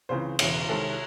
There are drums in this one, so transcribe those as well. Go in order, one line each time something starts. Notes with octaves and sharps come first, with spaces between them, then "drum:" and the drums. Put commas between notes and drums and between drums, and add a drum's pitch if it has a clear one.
C#2 C#3 E3 C4 C5
E1 E2 C#3 E3, drum: cymbal
C2 C3 D#3 G#3 A4